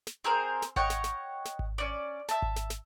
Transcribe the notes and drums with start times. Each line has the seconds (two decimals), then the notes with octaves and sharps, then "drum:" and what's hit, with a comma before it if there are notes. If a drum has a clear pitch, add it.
0.07 drum: snare
0.24 C4 G#4 A#4 C5
0.62 drum: snare
0.76 C#5 D#5 F#5 G5, drum: kick G#1
0.90 drum: snare
1.04 drum: snare
1.45 drum: snare
1.59 drum: kick G#1
1.78 C#4 D5
2.29 E5 A5, drum: snare
2.42 drum: kick G#1
2.56 drum: snare
2.70 drum: snare